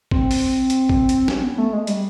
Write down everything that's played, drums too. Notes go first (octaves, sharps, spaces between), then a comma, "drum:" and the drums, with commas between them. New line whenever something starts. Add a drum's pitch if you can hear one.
C4, drum: kick
drum: open hi-hat
drum: hi-hat
drum: kick
drum: hi-hat
C#4, drum: snare
B3
A3
G#3
G3, drum: hi-hat